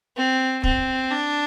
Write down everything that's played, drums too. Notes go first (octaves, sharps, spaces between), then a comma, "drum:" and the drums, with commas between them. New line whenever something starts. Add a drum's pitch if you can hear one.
C4
C4, drum: kick
D4